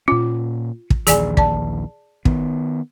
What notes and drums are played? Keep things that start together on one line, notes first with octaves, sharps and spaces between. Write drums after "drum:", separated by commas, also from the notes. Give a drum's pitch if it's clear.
A#2 C#4 F4
drum: kick
A#1 D#2 E3 G#4 D5 G#5, drum: hi-hat
D5 A5, drum: kick
D#3 B3, drum: kick